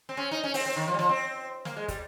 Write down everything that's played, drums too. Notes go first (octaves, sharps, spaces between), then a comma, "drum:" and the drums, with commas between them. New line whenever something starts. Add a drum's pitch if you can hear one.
C4
C#4
D#4
C#4
C4, drum: open hi-hat
C4
D#3
F3
G3
F3, drum: snare
C4
A#3, drum: snare
G#3
G3, drum: kick, hi-hat